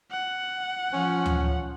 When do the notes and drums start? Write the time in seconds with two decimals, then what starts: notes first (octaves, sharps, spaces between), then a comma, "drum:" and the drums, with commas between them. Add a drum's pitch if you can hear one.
0.12 F#5
0.93 F3 C#4
1.26 drum: tom D2